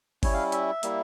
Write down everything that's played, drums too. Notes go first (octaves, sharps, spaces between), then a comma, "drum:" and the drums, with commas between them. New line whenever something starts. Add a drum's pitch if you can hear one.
G3 C#4 E4 C#5, drum: kick G1, open hi-hat
F5
E5, drum: hi-hat
G3 A#3 E4, drum: hi-hat